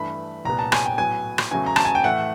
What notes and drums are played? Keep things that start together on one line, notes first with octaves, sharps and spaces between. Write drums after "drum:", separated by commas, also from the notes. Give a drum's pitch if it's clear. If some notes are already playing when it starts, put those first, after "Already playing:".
Already playing: G2 E3 A3 B5
C2 A#2 G3 B3 A#5
A5
G#5, drum: rim click
G5
A2 F#3 B3 G#5
drum: rim click
E2 C#3 F#3 A3 G#5
A#5
A5, drum: rim click
G#5
G5
A2 E3 A3 F#5